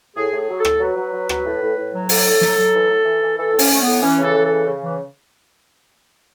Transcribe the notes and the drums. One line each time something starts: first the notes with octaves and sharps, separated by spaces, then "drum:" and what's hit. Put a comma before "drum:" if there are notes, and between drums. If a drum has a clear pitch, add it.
A2 G#4
A2
G#4
F#3
A4
A2, drum: rim click
F#3 B4
F#3
F#3
F#3, drum: rim click
A2
A2
A2
F#3
A2 A4, drum: open hi-hat
A2
F#3, drum: snare
F#3
E3
A2
E3
E3
E3 A4
A2
C#4, drum: open hi-hat
A2 A3
B3
A2
E3 C#4
C#3
A4
E3
A4
C#3
C#3
E3